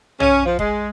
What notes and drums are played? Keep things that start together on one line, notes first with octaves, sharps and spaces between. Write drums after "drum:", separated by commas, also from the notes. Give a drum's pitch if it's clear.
C#4, drum: tom
F3
G#3, drum: kick F1